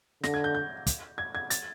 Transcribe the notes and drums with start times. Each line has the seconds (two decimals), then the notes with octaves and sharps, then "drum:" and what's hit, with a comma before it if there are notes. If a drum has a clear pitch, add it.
0.23 D3 A#6, drum: snare
0.34 G#6
0.44 G6
0.55 G6
0.87 drum: kick, hi-hat
1.18 G#6
1.35 G#6
1.50 A6, drum: hi-hat